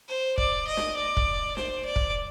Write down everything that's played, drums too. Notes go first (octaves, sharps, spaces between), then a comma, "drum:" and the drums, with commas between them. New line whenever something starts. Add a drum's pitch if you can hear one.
C5
D5, drum: kick
D#5
drum: snare
D5
drum: kick
C5, drum: snare
D5
drum: kick